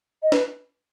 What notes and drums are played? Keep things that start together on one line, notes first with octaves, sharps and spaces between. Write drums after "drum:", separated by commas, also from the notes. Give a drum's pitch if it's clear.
D#5
B4, drum: snare